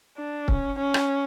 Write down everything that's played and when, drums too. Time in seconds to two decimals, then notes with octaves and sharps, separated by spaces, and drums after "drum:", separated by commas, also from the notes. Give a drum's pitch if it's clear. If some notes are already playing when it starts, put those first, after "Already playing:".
0.17 D4
0.48 C#4, drum: kick C#1
0.79 C#4
0.94 drum: rim click